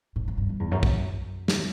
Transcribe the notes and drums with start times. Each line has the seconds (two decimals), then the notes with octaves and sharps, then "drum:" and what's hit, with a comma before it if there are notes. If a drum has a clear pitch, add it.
0.16 A2
0.28 A2
0.38 G2
0.49 G2
0.60 E2
0.72 F#2
0.83 F#2, drum: kick
1.48 drum: snare